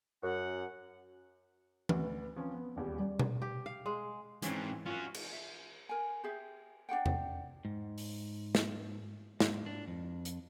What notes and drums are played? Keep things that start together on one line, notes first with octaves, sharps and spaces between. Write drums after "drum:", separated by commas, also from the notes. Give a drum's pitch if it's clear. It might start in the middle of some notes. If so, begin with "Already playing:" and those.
F#2 F#5
D2 B4, drum: tom E3
F3 C4 C#4
B3
D#1 E2 G3
G3 D5
drum: tom B2
G4
F5
G#3
G#2 E3 C4 C#4, drum: hi-hat
C#4 F4 F#4
drum: cymbal
E5
A#4 G#5
G4 G#4 E5
D4 G#4 F#5 G5
drum: tom E2
G#2
drum: open hi-hat
drum: snare
G#2, drum: snare
D4
F2
drum: hi-hat